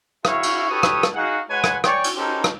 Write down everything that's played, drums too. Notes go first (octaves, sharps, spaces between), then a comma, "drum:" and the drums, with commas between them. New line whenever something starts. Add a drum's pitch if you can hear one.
E4 F#4 G#4 C#5 E5 F5, drum: rim click
drum: cymbal
G4 A4 B4 C#5 D#6
drum: rim click
drum: rim click
D#4 F#4 G#4 F5 F#5
G#3 B4 C#5 F#5 G#5
drum: rim click
C#5 D5 G5 G#5 C#6, drum: rim click
drum: cymbal
C#4 D#4 G4 A4 A#4 C5
drum: rim click